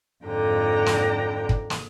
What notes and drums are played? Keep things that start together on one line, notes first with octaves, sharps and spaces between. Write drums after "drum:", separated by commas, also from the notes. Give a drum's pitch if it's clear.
F2 G#2 D3 G5 A#5
drum: snare
drum: kick
drum: snare